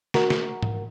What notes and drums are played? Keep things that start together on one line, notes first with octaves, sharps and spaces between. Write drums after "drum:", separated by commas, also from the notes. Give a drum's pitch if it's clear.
F#4 A#4, drum: snare
drum: snare
drum: tom G#2